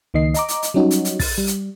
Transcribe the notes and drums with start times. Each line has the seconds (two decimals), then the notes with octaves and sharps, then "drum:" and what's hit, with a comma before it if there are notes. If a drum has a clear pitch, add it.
0.14 C#2 D#3 A#3 D#5 C7
0.34 D#5 A#5 D6, drum: hi-hat
0.48 drum: hi-hat
0.62 drum: hi-hat
0.74 F#3 G3 C#4 D#4 F#4
0.91 drum: hi-hat
1.05 drum: hi-hat
1.19 A6, drum: kick, open hi-hat
1.38 G3
1.47 drum: hi-hat